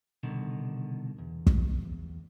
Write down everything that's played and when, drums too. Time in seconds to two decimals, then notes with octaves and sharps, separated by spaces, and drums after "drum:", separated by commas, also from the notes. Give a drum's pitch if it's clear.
0.23 C2 B2 D3 D#3
1.18 E2
1.47 drum: kick